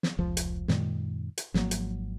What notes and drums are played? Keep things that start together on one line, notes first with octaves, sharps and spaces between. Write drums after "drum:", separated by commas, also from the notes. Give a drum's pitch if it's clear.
drum: snare
F1 C#2 F3
drum: hi-hat
F#2 A#2 D#3 G#3, drum: snare
drum: hi-hat
G#1 F3 F#3 A#3, drum: snare
drum: hi-hat